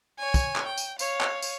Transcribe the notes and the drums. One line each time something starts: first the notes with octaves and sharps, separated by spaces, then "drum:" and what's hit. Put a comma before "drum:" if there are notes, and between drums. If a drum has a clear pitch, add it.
C#5 G#5
drum: kick, tambourine
drum: clap
G5
drum: tambourine
C#5 F5, drum: tambourine
drum: clap
drum: tambourine